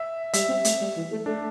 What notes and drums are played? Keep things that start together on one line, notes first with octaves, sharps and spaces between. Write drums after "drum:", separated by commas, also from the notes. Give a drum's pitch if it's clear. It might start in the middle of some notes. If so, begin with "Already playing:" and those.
Already playing: E5
G3 E5, drum: hi-hat
C4
A3, drum: hi-hat
G3
E3
A3
A3 D4